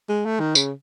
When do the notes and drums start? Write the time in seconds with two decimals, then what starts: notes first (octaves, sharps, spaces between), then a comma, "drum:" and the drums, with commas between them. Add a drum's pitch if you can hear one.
0.09 G#3
0.25 A3
0.40 D#3
0.55 C#3, drum: tambourine